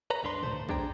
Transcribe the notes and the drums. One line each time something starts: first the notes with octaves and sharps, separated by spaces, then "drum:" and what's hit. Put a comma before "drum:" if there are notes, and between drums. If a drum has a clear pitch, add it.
B4 C#5 A#5
C#2 G2 D4 B4 C6
D2 A3 C5, drum: tom
B1 D4 G#4 G5 A#5, drum: kick